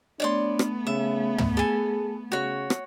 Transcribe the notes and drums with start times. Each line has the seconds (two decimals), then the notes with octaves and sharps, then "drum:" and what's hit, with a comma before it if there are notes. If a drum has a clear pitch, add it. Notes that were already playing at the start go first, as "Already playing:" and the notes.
0.20 A3 B3 D4 C#5 D5 C6
0.59 drum: rim click
0.87 C#3 E5
1.38 drum: tom
1.57 G#4 A4 G#5
2.32 C#3 F#4 C#5
2.70 drum: rim click